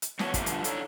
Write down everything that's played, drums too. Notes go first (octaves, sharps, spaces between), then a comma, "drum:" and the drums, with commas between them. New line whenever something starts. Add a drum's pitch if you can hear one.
drum: hi-hat
E2 A2 F#4 C#5 A5, drum: snare
C3 F3 A3 A#3 F4, drum: kick, hi-hat
G2 D3 F3 A3, drum: hi-hat
D4 D#4 A4 C#5 D5, drum: hi-hat